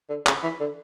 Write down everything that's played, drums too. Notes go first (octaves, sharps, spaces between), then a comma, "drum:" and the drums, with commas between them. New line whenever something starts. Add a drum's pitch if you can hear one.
D3
C#3, drum: clap
E3
D3